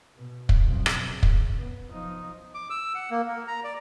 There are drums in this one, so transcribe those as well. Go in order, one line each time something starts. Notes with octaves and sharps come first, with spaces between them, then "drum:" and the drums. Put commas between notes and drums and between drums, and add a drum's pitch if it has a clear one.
B2
drum: kick
B1 F2
drum: rim click
C#3
drum: kick
B3
F3 D#4
D6
E6
F#5
A#3
A#4
A#5
D5